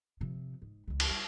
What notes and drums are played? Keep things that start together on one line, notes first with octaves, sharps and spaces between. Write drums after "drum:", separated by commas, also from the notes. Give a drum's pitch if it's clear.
C3 F3
G#2
C#2 E3
drum: cymbal
G3